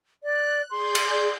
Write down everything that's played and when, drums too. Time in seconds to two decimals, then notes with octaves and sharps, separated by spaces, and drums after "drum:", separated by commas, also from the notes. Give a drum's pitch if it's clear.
0.23 D5 F#6
0.70 G#4 D5 C6 G6
0.95 drum: cymbal